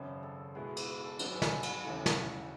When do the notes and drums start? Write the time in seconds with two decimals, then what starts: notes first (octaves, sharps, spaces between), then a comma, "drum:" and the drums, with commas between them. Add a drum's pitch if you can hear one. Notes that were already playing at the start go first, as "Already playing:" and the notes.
Already playing: G#1 F#2 C#3 B4
0.23 A4
0.55 B2 G#3 B3 E4 F#4 G#4
0.77 drum: cymbal
0.87 B4
1.04 A4
1.19 G#1 G#2 F#3 B3 D#4 A4, drum: cymbal
1.33 G#4
1.42 A4, drum: snare
1.53 B4
1.63 drum: cymbal
1.84 D#2 C#3 E3 A3 E4
2.06 drum: snare